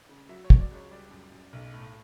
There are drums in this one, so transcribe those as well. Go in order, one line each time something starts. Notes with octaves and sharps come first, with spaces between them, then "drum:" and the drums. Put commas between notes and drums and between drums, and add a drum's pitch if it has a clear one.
C#3
F#3 E5
C#5
F#3, drum: kick
D5
C#2 C#5
G3 D5
F#2
F#2
B1
A2